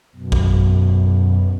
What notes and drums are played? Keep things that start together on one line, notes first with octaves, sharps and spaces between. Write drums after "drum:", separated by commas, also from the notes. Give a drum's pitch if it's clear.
F#2 B2
drum: kick A1